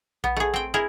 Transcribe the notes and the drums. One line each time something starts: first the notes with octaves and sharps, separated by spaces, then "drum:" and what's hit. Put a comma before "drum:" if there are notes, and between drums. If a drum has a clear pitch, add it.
B3, drum: kick A#1
A3 G#4
C4 G5
E4 G#4 A#4